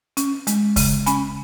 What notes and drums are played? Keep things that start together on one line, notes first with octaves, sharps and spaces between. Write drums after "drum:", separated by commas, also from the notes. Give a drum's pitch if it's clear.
C#4, drum: hi-hat
G#3, drum: hi-hat
C#3, drum: kick, open hi-hat
C#4 G#5 B5, drum: hi-hat